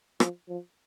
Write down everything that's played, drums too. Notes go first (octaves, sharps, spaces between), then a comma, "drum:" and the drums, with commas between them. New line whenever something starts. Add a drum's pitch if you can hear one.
F3, drum: rim click
F3